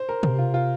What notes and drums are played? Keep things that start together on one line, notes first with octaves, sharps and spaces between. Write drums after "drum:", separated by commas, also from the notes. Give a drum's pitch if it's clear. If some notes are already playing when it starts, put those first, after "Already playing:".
Already playing: C5
A#4
C3, drum: tom
F4
F4